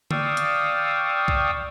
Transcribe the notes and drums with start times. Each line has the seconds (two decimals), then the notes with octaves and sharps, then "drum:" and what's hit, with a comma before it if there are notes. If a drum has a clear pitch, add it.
0.11 D5 F5 G5 C#6 D#6 E6, drum: tom D3
0.37 drum: hi-hat
1.28 drum: kick